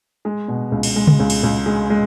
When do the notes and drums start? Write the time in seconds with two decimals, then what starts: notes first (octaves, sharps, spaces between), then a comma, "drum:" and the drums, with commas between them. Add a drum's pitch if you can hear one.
0.25 G#3
0.48 B2
0.72 C#2
0.83 drum: cymbal
0.96 G#3
1.07 drum: tom C#3
1.20 C#2
1.30 drum: cymbal
1.43 C#2
1.66 G#3
1.90 G#3